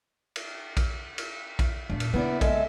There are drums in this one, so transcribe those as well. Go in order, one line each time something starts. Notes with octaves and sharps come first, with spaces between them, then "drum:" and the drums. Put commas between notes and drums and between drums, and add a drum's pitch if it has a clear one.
drum: cymbal
drum: kick A#1, cymbal
drum: cymbal
drum: kick A#1, cymbal
E2 A#2 D4
drum: cymbal
C#3 A#3 B3 E4 D5
G#3 A4 E5, drum: kick A#1, cymbal